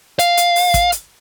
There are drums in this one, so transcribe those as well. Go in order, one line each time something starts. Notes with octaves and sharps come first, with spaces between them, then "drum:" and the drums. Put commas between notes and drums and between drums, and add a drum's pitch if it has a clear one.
F5, drum: hi-hat
drum: hi-hat
drum: open hi-hat
drum: kick, hi-hat
drum: hi-hat